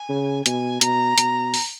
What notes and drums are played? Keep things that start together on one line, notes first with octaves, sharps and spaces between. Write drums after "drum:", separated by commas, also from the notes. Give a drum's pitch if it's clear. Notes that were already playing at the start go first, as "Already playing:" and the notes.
Already playing: G#5
C#3
B2 G#5, drum: hi-hat
B2 A#5, drum: hi-hat
B2, drum: hi-hat
drum: open hi-hat